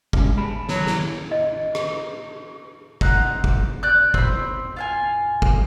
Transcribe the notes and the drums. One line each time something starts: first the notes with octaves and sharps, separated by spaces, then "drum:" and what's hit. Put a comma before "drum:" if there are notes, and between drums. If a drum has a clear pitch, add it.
G3 G#3 C#4, drum: kick
G#4 A5 B5
F#3, drum: snare
drum: snare
D#5
drum: rim click
C4 D#4 F#5, drum: kick
drum: kick
D5 F#6 G6
C4 B5, drum: kick
F4 F5 G#5
drum: kick